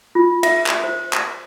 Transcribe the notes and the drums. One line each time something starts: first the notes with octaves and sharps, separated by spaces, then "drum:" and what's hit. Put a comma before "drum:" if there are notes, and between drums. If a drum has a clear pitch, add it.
F4
E5, drum: cymbal
drum: clap
C5
drum: clap